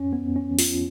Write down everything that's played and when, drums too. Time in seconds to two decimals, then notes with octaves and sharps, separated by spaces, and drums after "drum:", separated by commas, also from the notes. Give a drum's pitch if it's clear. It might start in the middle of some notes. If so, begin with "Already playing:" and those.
Already playing: F2 C#4
0.13 B3
0.21 F2
0.36 C#4
0.51 F3
0.59 F4, drum: open hi-hat